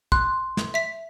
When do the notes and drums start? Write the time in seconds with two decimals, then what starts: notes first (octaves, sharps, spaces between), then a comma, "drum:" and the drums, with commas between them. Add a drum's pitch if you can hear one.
0.12 C6 F#6, drum: kick
0.57 drum: snare
0.74 E5 B6